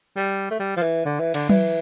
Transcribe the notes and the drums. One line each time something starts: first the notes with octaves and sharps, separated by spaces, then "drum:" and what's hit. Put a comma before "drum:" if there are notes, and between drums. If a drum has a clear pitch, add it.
G3
A3
G3
F3
E3
D3
E3
D3, drum: cymbal
E3, drum: tom F#3